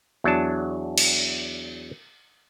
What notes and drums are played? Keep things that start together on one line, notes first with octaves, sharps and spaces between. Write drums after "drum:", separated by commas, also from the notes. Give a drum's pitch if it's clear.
E2 F#3 D4 A5
drum: cymbal